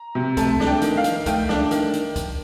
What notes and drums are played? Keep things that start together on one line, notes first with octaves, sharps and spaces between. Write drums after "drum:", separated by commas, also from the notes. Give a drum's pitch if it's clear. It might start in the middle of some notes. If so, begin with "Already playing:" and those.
Already playing: A#5
C3
A3 A5, drum: kick C#2, hi-hat
D4, drum: snare
G5
D#3, drum: hi-hat
F5
D#3, drum: hi-hat
A3 G5, drum: kick C#2, hi-hat
D4, drum: snare
D#3, drum: hi-hat
drum: hi-hat
drum: kick C#2, hi-hat